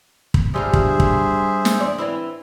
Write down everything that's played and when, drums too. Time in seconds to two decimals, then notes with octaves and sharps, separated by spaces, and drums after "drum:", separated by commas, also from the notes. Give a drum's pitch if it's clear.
0.34 drum: kick
0.54 G2 G3 F4 G#4 C5 E5
0.73 drum: kick
1.00 drum: kick
1.65 drum: snare
1.78 E2 D5
1.98 E3 C4 E4